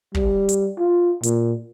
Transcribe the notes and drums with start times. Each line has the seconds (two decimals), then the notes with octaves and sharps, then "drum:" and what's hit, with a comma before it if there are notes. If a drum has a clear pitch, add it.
0.15 G3, drum: kick
0.49 drum: hi-hat
0.79 F4
1.23 A#2, drum: hi-hat